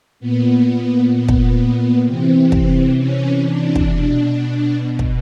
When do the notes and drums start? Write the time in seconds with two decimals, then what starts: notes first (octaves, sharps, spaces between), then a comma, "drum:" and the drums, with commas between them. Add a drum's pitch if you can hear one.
0.20 A#2 B3
1.13 B3
1.28 drum: kick
2.06 C3 E3 C4
2.52 drum: kick
2.98 C#4
3.45 D4
3.75 drum: kick
3.90 B2 D4
4.99 drum: kick